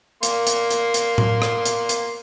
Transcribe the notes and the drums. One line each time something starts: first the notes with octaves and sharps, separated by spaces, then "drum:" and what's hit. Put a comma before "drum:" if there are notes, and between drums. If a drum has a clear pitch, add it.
A#3 C6, drum: hi-hat
drum: hi-hat
drum: hi-hat
drum: hi-hat
drum: tom A2
drum: rim click
drum: hi-hat
drum: hi-hat